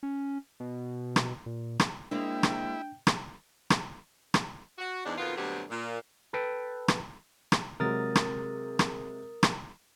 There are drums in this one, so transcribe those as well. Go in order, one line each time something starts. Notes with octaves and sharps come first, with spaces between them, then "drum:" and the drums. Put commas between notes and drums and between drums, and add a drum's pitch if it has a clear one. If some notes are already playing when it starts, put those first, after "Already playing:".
C#4
B2
drum: rim click
A#2
drum: rim click
G#3 A#3 C4 D4 E4 G5
drum: rim click
drum: rim click
drum: rim click
drum: rim click
F#4
E2 G#2 D4
F2 B2 D#3 B3 F4
D2 G2 B2 F#3 C4 G4
A#2
A4 B4 G5
drum: rim click
drum: rim click
C3 F#3 G#3 A#4 D#6 A6
drum: rim click
drum: rim click
drum: rim click